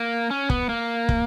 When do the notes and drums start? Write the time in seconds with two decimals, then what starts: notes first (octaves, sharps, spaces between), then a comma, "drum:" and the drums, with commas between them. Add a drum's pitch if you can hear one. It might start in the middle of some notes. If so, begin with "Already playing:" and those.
Already playing: A#3
0.30 C#4
0.50 B3, drum: kick
0.69 A#3
1.09 drum: kick